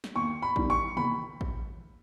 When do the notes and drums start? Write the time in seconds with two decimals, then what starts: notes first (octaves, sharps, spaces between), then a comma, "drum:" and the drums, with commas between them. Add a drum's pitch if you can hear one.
0.04 drum: snare
0.15 D#2 C#6
0.42 B5
0.56 D#3 G3, drum: kick A1
0.70 C#6
0.97 D#2 B5, drum: tom
1.41 drum: kick A1